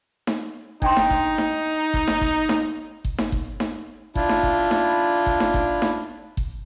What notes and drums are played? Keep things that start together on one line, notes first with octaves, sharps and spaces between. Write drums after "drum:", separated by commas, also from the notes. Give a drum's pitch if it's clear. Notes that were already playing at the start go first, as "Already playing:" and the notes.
drum: snare D#4
D4 D#4 G5 C6, drum: kick G1
drum: snare D#4
drum: kick G1
drum: snare D#4
drum: kick G1
drum: snare D#4
drum: kick G1
drum: snare D#4
drum: kick G1
drum: snare D#4
drum: kick G1
drum: snare D#4
D4 E4 F4, drum: kick G1
drum: snare D#4
drum: kick G1
drum: snare D#4
drum: kick G1
drum: snare D#4
drum: kick G1
drum: snare D#4
drum: kick G1